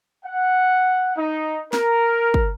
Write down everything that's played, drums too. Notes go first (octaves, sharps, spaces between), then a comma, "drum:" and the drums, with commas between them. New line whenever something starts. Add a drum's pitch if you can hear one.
F#5
D#4
A#4, drum: snare
drum: kick